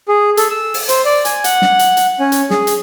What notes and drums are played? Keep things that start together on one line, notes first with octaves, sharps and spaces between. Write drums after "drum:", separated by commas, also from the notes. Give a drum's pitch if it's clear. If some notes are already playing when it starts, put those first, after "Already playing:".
G#4
A4, drum: hi-hat
E6
drum: open hi-hat
C5, drum: hi-hat
D5
G#5, drum: hi-hat
F#5, drum: hi-hat
drum: snare
drum: hi-hat
drum: hi-hat
C#4
drum: hi-hat
G#4, drum: snare
drum: hi-hat